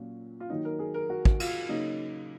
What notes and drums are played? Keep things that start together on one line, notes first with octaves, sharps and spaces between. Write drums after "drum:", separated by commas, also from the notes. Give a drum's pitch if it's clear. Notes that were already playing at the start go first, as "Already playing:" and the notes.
Already playing: A#2 F#3 C#4
F4
D#3 F#3 A#3 D#4
A#4
G#4
A#4
F#4
drum: kick
F4, drum: cymbal
C#3 F#3 A#3 D#4